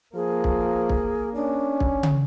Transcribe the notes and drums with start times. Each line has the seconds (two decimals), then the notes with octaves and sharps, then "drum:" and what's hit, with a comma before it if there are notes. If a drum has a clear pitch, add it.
0.15 F3 A#3 G#4
0.44 drum: kick
0.89 drum: kick
1.35 C#4 D4
1.80 drum: kick
2.03 drum: tom C#3